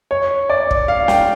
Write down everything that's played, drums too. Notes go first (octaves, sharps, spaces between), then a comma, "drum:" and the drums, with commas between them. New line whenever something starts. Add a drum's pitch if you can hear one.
C#5
D5
drum: kick
F5
G5, drum: snare